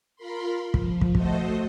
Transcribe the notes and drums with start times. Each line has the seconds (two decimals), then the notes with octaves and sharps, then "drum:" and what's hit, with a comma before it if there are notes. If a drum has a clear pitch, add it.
0.16 F4 A#4 B5 C6
0.74 F3, drum: kick
1.01 drum: kick
1.15 A3 F#4 A4 C5 D#5, drum: kick